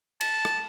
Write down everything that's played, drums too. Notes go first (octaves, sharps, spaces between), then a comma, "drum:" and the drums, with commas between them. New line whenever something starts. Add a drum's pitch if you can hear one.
A5, drum: cymbal
drum: rim click